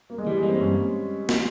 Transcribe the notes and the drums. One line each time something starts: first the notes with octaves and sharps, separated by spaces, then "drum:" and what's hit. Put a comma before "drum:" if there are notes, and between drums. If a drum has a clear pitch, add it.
A#3
G#3
E3 G3
G#3 A#3
C4
G2 C#4
drum: snare